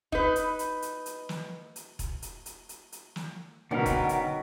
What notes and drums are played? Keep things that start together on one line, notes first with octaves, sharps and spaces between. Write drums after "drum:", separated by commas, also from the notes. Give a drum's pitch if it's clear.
D#4 B4, drum: kick E1
drum: hi-hat
drum: hi-hat
drum: hi-hat
drum: hi-hat
drum: snare
drum: hi-hat
drum: kick E1, hi-hat
drum: hi-hat
drum: hi-hat
drum: hi-hat
drum: hi-hat
drum: snare
B2 D3 D#3 F#3 C#4 A#4
drum: kick E1, hi-hat
drum: hi-hat